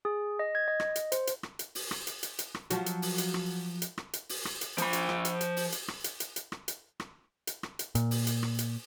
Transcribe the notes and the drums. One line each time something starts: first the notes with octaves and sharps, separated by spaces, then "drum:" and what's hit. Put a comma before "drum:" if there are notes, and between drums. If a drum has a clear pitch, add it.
G#4
D#5
G#6
D#5
drum: rim click
drum: hi-hat
C5, drum: hi-hat
drum: hi-hat
drum: rim click
drum: hi-hat
drum: open hi-hat
drum: rim click
drum: hi-hat
drum: hi-hat
drum: hi-hat
drum: rim click
F3 F#3 F#4, drum: hi-hat
drum: hi-hat
drum: open hi-hat
drum: hi-hat
drum: rim click
drum: hi-hat
drum: rim click
drum: hi-hat
drum: open hi-hat
drum: rim click
drum: hi-hat
F3 B5, drum: hi-hat
drum: hi-hat
drum: rim click
drum: hi-hat
drum: hi-hat
drum: open hi-hat
drum: hi-hat
drum: rim click
drum: hi-hat
drum: hi-hat
drum: hi-hat
drum: rim click
drum: hi-hat
drum: rim click
drum: hi-hat
drum: rim click
drum: hi-hat
A#2, drum: hi-hat
drum: open hi-hat
drum: hi-hat
drum: rim click
drum: hi-hat